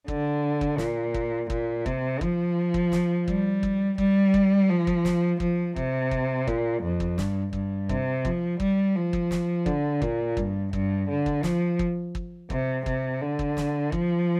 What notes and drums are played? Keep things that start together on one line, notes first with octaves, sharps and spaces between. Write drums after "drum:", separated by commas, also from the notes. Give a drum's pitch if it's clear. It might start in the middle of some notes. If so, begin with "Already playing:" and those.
D3, drum: kick
drum: kick
A#2, drum: snare
drum: kick
A#2, drum: kick
C3, drum: kick
F3, drum: kick
drum: kick
drum: snare
G3, drum: kick
drum: kick
G3, drum: kick
drum: kick
F3
drum: kick
drum: snare
F3, drum: kick
C3, drum: kick
drum: kick
A#2, drum: kick
F2
drum: kick
G2, drum: snare
G2, drum: kick
C3, drum: kick
F3, drum: kick
G3, drum: kick
F3
drum: kick
drum: snare
D3, drum: kick
A#2, drum: kick
G2, drum: kick
G2, drum: kick
D3
drum: kick
F3, drum: snare
drum: kick
drum: kick
C3, drum: kick
C3, drum: kick
D3
drum: kick
drum: snare
F3, drum: kick